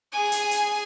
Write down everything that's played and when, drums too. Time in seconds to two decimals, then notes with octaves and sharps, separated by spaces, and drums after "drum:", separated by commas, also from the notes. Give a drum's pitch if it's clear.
0.12 G#4 G#5
0.32 drum: hi-hat
0.51 drum: hi-hat